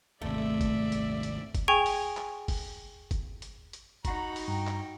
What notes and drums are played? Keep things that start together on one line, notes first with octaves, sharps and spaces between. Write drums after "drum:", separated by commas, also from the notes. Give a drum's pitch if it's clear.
D#1 G#1 C3 A3 D5 E5
drum: kick, hi-hat
drum: hi-hat
drum: hi-hat
drum: kick, hi-hat
G#4 G5 G#5 C#6 G#6 F7
drum: open hi-hat
drum: clap
drum: kick, open hi-hat
drum: kick, hi-hat
drum: hi-hat
drum: hi-hat
D#4 F#4 F#5 A#5 B5, drum: kick, hi-hat
drum: open hi-hat
G2 G5 A#5
drum: clap